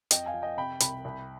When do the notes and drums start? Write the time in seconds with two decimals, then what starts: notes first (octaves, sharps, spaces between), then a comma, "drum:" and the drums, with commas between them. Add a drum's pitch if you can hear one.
0.11 F2 D#5 G5, drum: hi-hat
0.26 F5 G#5
0.34 F3
0.42 D#5 G5
0.57 C3 G5 B5
0.80 C2 G5 B5, drum: hi-hat
1.05 C2